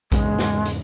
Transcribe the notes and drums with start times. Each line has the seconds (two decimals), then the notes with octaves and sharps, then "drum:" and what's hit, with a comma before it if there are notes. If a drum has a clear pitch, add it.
0.12 E2 G#2 C#3 G#3, drum: kick A#1, hi-hat
0.39 drum: snare
0.65 drum: hi-hat